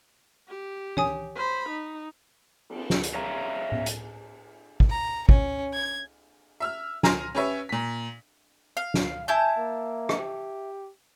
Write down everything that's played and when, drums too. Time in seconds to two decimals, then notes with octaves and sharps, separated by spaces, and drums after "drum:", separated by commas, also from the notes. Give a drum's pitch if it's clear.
0.48 G4
0.97 C#5 G#5 D#6, drum: tom
1.35 C5 B5
1.70 D#4
2.69 drum: cymbal
2.90 drum: snare
3.03 drum: hi-hat
3.15 C#5 E5 F5 A#5
3.72 drum: tom A2
3.86 drum: hi-hat
4.80 drum: kick
4.90 A#5
5.29 C#4, drum: kick
5.74 G#6
6.60 E5 E6 F6
7.03 G#5 A#5 C6 F6 A#6, drum: snare
7.35 C#4 G4 B4 C#5 E5
7.69 A#2 B6
8.77 F5
8.94 drum: snare
9.28 E4 G#5 A5 G6
9.58 A#3
10.09 drum: rim click
10.18 G4